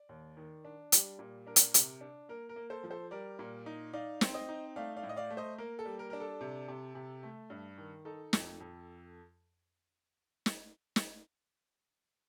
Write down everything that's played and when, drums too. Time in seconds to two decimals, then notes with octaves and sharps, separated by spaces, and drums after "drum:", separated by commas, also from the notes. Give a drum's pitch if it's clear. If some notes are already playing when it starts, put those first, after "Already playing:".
Already playing: D5
0.09 D#2
0.37 D#3
0.65 D4
0.92 G3, drum: hi-hat
1.19 A#2
1.47 D4 A#4
1.56 drum: hi-hat
1.74 C3, drum: hi-hat
2.01 D4
2.29 A#3 A#4
2.49 A#4
2.56 A#3
2.70 A4 C5
2.84 F3
2.91 A4 C5
3.11 G3 A#4 D5
3.39 A#2
3.66 D#4
3.93 D#4 D5 F5
4.21 C4, drum: snare
4.34 C5 D#5
4.49 D#4
4.76 A3 D5 F5
4.97 D5 F5
5.03 A2
5.09 D#5
5.17 D5 F5
5.30 A3
5.37 C5 D#5
5.58 A#3 A#4
5.79 A4
5.85 G3
5.99 A#4
6.10 D4 A#4
6.20 A4
6.41 C3
6.68 C3
6.95 C3
7.23 A3
7.50 G2
7.78 D#3
8.05 D#4 A4
8.33 F2, drum: snare
8.60 F2
10.46 drum: snare
10.96 drum: snare